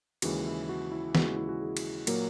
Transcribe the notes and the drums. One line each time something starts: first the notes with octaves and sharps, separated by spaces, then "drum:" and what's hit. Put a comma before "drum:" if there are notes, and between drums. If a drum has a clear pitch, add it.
D#2 C#3 E3 G#3 F#4, drum: cymbal
E4
F#4
E4
D#2 C#3 E3 G#3 F#4, drum: snare
E4
F#4
G#4
drum: cymbal
A#2 F#3 A#3 A#4, drum: cymbal